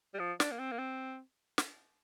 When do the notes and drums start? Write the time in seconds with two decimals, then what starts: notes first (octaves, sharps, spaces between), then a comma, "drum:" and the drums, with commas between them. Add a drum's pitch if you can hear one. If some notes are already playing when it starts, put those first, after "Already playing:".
0.14 G3
0.19 F3
0.40 D4, drum: snare
0.52 A#3
0.59 C4
0.72 A#3
0.79 C4
1.58 drum: snare